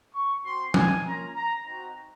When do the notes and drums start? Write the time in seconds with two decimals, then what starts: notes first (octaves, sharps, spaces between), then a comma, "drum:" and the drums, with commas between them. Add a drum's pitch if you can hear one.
0.14 C#6
0.44 C4 F#4 C6
0.74 G#5, drum: tom
1.05 A#3 C#4 F4 A#5
1.34 A#5
1.65 C4 D#4 F#4 A#5